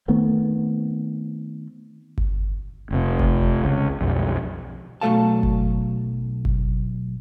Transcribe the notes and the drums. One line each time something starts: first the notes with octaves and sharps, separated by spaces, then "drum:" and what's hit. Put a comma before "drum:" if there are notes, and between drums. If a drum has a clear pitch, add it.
D#3 A3 B3 C4
drum: kick G1
F1 C3
drum: kick G1
C#2
B1 F2
B1 F#3 A3 A4 F5 A5
drum: kick G1
drum: kick G1